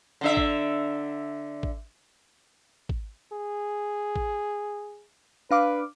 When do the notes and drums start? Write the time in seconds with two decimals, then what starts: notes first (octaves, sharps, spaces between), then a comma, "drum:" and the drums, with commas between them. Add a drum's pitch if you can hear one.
0.21 D3 D4 E5
0.37 drum: kick
1.63 drum: kick
2.89 drum: kick
3.32 G#4
4.16 drum: kick
5.51 D4 B4 F5 D6